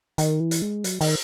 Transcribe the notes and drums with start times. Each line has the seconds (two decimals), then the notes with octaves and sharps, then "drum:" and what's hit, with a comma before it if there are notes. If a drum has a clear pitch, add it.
0.18 D#3, drum: hi-hat
0.40 E3
0.51 drum: hi-hat
0.62 G#3
0.84 F#3, drum: hi-hat
1.01 D#3, drum: open hi-hat